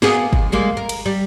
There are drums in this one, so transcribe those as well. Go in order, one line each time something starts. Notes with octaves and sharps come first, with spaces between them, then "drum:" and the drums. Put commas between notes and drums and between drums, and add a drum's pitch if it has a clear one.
A#3 B3 G#4, drum: snare
D#2, drum: kick
G3 G#3 A#3
A#4
drum: cymbal
G3